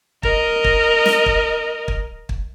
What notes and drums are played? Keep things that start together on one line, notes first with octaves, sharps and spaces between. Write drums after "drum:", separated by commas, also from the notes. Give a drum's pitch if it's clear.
A#4 D#5, drum: kick
drum: kick
drum: snare
drum: kick
drum: kick
drum: kick